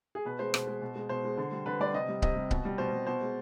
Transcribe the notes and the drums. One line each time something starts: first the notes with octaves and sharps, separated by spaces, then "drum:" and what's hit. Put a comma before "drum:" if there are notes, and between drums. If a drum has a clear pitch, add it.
G#4
B2 B4
G#3 C5
B2, drum: rim click
G#3
B2
G#3
B2 C5
G#3
D3
G3
D3 B4
G3 D5
C3 D#5
G3
C3 D#5, drum: kick C#1
G3
B2, drum: kick C#1
G3
B2 C5
G3
B2 C5
G#3